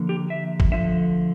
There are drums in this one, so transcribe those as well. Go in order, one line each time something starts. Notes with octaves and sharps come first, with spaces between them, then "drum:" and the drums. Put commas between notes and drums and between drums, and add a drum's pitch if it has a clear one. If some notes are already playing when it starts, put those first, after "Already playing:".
Already playing: D3 F3 A#3
G4
E5
drum: kick
D3 F3 A3 E5